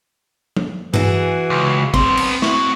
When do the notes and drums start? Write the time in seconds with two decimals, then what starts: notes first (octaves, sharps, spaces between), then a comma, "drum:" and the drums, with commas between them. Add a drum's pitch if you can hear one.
0.56 drum: tom F3
0.94 E3 F#4 G#4, drum: tom G2
1.50 C#2
1.94 B3 C4 C6, drum: kick
2.17 drum: cymbal
2.42 B3 E4 F#4, drum: snare